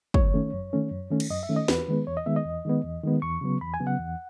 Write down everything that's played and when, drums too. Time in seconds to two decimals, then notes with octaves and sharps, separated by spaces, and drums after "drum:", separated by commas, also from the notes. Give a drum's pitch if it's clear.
0.14 F#2 C#5, drum: kick
0.34 D#3 A3 C#4
0.53 F#2
0.73 D#3 A3 C#4
0.92 F#2
1.10 D#3 A3 C#4
1.20 drum: cymbal
1.30 F#2 D#5
1.43 E5
1.49 D#3 A3 C#4
1.56 D#5
1.68 E2 B4, drum: snare
1.88 D#3 G#3 B3
2.07 E2 C#5
2.17 D#5
2.26 D#3 G#3 B3 E5
2.36 D#5
2.46 E2
2.65 D#3 G#3 B3
2.84 E2
3.03 D#3 G#3 B3
3.22 E2 C#6
3.41 C#3 F#3 B3
3.61 E2 B5
3.74 G#5
3.80 C#3 F#3 B3
3.87 F#5
3.99 E2